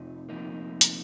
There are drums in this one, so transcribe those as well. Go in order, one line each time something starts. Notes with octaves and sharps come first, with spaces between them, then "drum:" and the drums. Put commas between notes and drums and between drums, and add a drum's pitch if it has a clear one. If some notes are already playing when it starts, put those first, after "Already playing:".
Already playing: F2 C3 F3 D#4
F2 C3 F3 A#3 D#4
drum: hi-hat